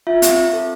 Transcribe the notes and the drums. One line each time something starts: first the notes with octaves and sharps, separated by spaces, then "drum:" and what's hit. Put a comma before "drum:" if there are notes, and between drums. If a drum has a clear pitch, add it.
F4 E5
C4, drum: hi-hat
C4
A4